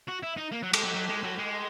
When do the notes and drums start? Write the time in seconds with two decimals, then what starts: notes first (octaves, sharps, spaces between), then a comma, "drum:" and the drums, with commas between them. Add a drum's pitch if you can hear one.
0.08 F#4
0.23 E4
0.37 D#4
0.52 A#3
0.63 F#3
0.74 G#3, drum: cymbal
0.84 F#3
0.95 F#3
1.09 G#3
1.24 F#3
1.39 G#3